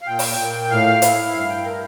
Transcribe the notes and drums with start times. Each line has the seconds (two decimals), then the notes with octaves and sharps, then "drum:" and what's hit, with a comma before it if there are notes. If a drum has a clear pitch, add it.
0.02 F5
0.07 A#2 G5
0.19 drum: open hi-hat
0.39 A#2
0.70 A2 F5
1.02 E4, drum: hi-hat
1.33 G2 F5
1.49 G5
1.64 E4 A#4